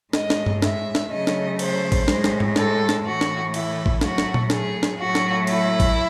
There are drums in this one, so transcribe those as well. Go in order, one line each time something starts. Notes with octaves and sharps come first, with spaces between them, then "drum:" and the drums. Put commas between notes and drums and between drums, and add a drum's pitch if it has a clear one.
A2 G#3 D#5, drum: snare
drum: snare
drum: tom G2
E5, drum: snare
drum: snare
C#3 F#3 A3 D#5
drum: snare
C5, drum: cymbal
drum: kick A1, cymbal
A2 G#3, drum: snare
drum: snare
drum: tom G#2
A4, drum: snare
drum: snare
A2 E3 A3 F#4
drum: snare
E4, drum: cymbal
drum: kick A1
A2 F#3 A3 F#4, drum: snare
drum: snare
drum: tom A#2
G#4, drum: snare
drum: snare
A2 F#3 A3 F#4
drum: snare
E4, drum: cymbal
drum: kick A1, cymbal